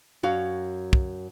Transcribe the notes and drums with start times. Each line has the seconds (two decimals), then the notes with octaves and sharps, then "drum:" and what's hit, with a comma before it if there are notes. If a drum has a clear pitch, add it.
0.23 F#2 F#4 C#5 F5
0.93 drum: kick